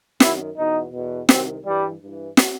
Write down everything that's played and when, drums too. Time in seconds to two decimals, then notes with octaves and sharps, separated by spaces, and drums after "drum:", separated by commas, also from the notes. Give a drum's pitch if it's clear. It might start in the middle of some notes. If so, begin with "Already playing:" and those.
0.20 F#2 D#3 E4, drum: snare
0.57 E2 B2 D#4
0.92 E2 B2
1.29 C2 C3 D#3 C4, drum: snare
1.65 G2 E3 G3
2.01 G2 E3
2.37 drum: snare